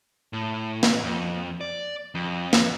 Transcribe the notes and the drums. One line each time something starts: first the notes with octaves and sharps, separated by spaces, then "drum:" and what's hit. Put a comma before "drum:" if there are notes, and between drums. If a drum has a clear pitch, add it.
A2
drum: snare
F2
D5
F2
drum: snare